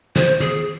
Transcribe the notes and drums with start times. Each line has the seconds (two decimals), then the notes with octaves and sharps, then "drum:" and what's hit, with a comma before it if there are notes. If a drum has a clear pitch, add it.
0.16 C5, drum: snare
0.40 G#4, drum: tom